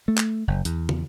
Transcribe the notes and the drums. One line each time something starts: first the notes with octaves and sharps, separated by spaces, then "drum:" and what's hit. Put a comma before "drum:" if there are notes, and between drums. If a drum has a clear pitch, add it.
A3
drum: clap
F#1
E2, drum: hi-hat
drum: tom